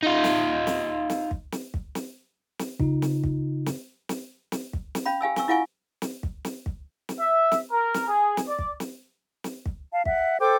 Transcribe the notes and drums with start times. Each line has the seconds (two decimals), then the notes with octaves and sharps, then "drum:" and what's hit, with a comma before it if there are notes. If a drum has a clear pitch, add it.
0.03 D#4 F4
0.24 drum: snare
0.67 drum: snare
1.10 drum: snare
1.31 drum: kick
1.52 drum: snare
1.74 drum: kick
1.95 drum: snare
2.59 drum: snare
2.80 C#3 D#4 F4, drum: kick
3.02 drum: snare
3.24 drum: kick
3.66 drum: snare
4.09 drum: snare
4.52 drum: snare
4.73 drum: kick
4.95 drum: snare
5.06 C#4 F5 B5
5.21 G4 F5 G#5 E6
5.36 G#5 C#6 E6, drum: snare
5.48 E4 F4 F5 F#5 G#5 C#6
6.02 drum: snare
6.23 drum: kick
6.45 drum: snare
6.66 drum: kick
7.09 drum: snare
7.19 E5
7.52 drum: snare
7.71 A#4
7.94 drum: snare
8.08 G#4
8.37 drum: snare
8.47 D5
8.59 drum: kick
8.80 drum: snare
9.44 drum: snare
9.66 drum: kick
9.92 F5 A5
10.05 E5 F#5, drum: kick
10.39 A4 C5 G5 D6